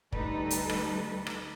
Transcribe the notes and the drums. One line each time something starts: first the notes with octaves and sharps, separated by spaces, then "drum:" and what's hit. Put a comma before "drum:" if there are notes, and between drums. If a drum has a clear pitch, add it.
D2 G3 D#4 A4 B4, drum: kick
drum: hi-hat
drum: rim click
drum: rim click